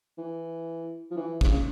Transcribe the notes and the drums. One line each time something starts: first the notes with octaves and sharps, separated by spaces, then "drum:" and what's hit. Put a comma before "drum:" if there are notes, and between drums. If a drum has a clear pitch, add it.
E3
F3
E3
C#3, drum: kick